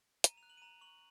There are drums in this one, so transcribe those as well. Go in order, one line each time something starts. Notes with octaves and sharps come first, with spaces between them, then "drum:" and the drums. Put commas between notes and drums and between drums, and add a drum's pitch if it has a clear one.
A#5 D#7, drum: hi-hat
F7
F#6
F#7
D#7
A#5 F7
C#6 F#7